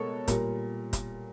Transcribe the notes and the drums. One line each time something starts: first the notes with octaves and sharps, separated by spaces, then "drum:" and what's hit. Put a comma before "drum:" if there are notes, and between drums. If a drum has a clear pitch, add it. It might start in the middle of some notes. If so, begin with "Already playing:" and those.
Already playing: B2 G#3 A4 A#4 C#5
A#2 G3 A#4, drum: kick, hi-hat
drum: kick, hi-hat